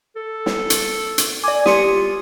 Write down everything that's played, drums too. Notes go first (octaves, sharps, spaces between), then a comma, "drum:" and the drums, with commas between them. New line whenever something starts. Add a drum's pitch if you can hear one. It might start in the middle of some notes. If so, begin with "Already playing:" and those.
A4
drum: snare
drum: hi-hat
drum: hi-hat
D5 G#5 D6
G4 C6 D#6 C#7, drum: snare
F4